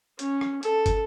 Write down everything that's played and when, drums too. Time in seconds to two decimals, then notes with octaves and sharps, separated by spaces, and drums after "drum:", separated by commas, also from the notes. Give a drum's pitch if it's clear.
0.19 C#4, drum: hi-hat
0.41 drum: rim click
0.63 A4, drum: hi-hat
0.86 drum: kick, hi-hat